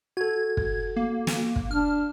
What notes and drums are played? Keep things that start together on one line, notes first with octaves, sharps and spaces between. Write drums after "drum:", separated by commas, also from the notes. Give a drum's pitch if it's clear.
F#4 A4 G#6
drum: kick
A#3
drum: snare
drum: kick
D4 F6